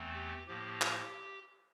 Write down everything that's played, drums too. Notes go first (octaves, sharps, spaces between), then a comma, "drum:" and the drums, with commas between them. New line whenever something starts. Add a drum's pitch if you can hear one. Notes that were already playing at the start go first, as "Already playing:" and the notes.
Already playing: E2 E3 A3 C4
G4
A2 F3 A#3 G4
drum: clap